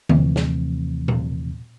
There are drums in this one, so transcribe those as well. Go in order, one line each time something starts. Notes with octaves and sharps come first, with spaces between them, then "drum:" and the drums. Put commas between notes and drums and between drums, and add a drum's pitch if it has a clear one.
D#2 C3 E3 F3 A3 C4, drum: tom D3
drum: snare
drum: tom A#2